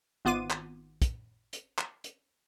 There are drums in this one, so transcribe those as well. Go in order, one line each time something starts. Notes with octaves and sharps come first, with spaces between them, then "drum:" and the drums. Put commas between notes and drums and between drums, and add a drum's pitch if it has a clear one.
G#1 B3 F4 D6 D#7
drum: clap
drum: kick, hi-hat
drum: hi-hat
drum: clap
drum: hi-hat